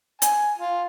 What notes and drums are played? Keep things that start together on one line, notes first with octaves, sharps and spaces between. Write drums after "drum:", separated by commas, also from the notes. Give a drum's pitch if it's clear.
G#5, drum: hi-hat
F4